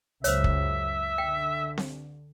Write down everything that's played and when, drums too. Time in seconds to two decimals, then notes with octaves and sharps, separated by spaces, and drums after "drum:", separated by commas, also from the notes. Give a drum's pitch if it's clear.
0.24 C#2 F#2 C5 C#5 E5, drum: hi-hat
0.44 drum: kick
1.18 D3 G5
1.78 drum: snare C4